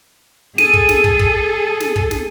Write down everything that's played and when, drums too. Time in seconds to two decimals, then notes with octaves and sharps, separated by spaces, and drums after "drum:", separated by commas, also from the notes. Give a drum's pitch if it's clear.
0.58 G#4 A4 D#7, drum: snare
0.73 drum: kick
0.89 drum: snare
1.04 drum: kick
1.19 drum: kick
1.80 drum: snare
1.96 drum: kick
2.11 drum: snare